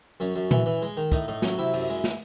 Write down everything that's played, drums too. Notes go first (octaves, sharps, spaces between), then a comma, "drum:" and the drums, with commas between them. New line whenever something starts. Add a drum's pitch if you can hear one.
F#2 C#4
F#2
E3, drum: tom A#2
E3
G#3
D#3
A2 D#4, drum: kick, hi-hat
A2 D#4
F#3 C#4, drum: snare
C3 E4
F#2, drum: open hi-hat
G#3
drum: snare